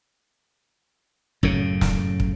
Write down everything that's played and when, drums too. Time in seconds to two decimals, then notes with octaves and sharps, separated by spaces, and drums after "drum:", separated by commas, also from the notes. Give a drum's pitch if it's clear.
1.43 F#2 A2 C#3, drum: kick
1.81 drum: snare
2.20 drum: kick